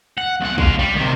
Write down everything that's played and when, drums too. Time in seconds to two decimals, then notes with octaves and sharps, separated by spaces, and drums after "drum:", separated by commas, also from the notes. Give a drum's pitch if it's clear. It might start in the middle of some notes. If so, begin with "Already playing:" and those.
0.18 F#5
0.41 B1 F#5
0.58 G#3 F5, drum: kick
0.79 G3
0.96 C3 D#3